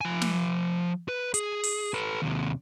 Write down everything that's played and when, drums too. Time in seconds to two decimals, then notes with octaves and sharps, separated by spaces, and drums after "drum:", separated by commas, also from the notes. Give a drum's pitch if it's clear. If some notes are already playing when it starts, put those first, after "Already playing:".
0.01 F3 G#5
0.21 drum: snare
1.08 B4
1.34 G#4, drum: hi-hat
1.63 drum: open hi-hat
1.94 A4 B4
2.22 D#2 C3